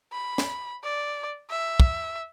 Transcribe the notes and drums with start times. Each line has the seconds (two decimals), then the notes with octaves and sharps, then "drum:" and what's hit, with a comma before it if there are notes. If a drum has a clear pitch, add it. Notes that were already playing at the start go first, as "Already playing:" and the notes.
0.12 B5
0.38 drum: snare
0.84 D5
1.50 E5
1.80 drum: kick